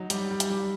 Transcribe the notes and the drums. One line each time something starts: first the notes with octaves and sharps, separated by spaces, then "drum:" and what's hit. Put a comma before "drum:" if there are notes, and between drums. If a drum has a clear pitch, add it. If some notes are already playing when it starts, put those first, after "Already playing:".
Already playing: F#3 D#4
G3, drum: hi-hat
G3
drum: hi-hat
G3